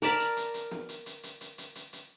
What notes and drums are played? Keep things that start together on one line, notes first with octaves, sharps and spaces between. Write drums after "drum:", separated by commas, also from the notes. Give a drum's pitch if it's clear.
A#4 D5 A5 B5, drum: hi-hat
drum: hi-hat
drum: hi-hat
drum: hi-hat
drum: snare
drum: hi-hat
drum: hi-hat
drum: hi-hat
drum: hi-hat
drum: hi-hat
drum: hi-hat
drum: hi-hat